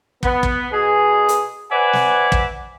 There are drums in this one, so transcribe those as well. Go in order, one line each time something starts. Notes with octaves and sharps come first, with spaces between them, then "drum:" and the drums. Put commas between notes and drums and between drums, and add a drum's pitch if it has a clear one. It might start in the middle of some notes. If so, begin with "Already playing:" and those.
B3, drum: kick
drum: kick
B2 G#4
drum: hi-hat
B4 C5 D5 E5 F#5 G#5
drum: snare
drum: kick